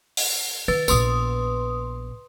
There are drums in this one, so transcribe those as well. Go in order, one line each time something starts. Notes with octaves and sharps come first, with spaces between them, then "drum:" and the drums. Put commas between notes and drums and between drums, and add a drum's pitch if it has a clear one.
drum: open hi-hat
D#3 B4 A6
A#1 B3 B4 C6 D#6, drum: tambourine